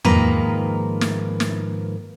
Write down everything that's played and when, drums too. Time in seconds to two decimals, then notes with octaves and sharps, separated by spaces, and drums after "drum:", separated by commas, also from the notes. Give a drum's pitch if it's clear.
0.04 G#2 D#3 F3 A#3 B4 A#5, drum: tom E2
1.01 drum: snare
1.40 drum: snare